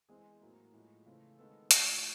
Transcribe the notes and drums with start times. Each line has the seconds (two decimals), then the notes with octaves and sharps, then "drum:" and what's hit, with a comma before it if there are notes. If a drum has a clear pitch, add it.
0.09 E3 G#3 C4 G#4
0.41 A2 F#3 A#3
0.73 A2 F3 G#3
1.06 C#3 E3 A3 C4
1.38 D#3 G#3 B3 A4
1.71 A2 F3 A3, drum: hi-hat